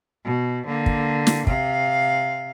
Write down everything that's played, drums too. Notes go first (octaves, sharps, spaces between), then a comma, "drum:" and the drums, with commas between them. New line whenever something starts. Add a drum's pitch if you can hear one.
B2
D3 A#3
drum: kick
drum: snare
C3 F5, drum: kick